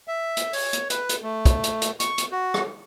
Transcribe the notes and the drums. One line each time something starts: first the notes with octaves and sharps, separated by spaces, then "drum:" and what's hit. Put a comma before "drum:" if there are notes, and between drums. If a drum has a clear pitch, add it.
E5
drum: hi-hat
C#5, drum: open hi-hat
drum: hi-hat
B4, drum: hi-hat
drum: hi-hat
A3
drum: kick, hi-hat
drum: hi-hat
drum: hi-hat
C#6, drum: hi-hat
drum: hi-hat
F#4
drum: rim click